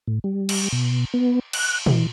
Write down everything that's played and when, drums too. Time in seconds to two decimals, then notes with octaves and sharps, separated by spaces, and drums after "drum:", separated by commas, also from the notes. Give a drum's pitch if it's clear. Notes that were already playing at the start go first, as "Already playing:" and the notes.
0.07 A2
0.24 G3
0.49 drum: cymbal
0.72 B2
1.14 B3
1.53 F#6, drum: cymbal
1.86 E3, drum: tom A#2